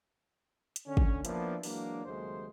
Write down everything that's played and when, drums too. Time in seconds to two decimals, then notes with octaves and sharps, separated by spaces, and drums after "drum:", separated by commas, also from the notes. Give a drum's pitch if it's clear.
0.76 drum: hi-hat
0.87 D3 C#4
0.97 drum: kick
1.25 F3 A#3 B3 D4 E4, drum: hi-hat
1.63 E3 F#3 G#3 A#3 D4, drum: open hi-hat
2.05 D#2 C#3 F#3 G#3 A3 C5